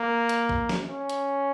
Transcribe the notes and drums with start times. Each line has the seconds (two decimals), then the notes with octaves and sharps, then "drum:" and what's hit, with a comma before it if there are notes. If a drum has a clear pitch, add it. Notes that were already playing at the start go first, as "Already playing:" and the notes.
Already playing: A#3
0.29 drum: hi-hat
0.49 drum: kick
0.69 drum: snare
0.89 C#4
1.09 drum: hi-hat